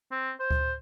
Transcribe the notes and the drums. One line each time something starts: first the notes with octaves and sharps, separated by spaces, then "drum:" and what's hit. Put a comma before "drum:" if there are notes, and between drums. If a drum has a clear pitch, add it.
C4
C5
drum: kick D2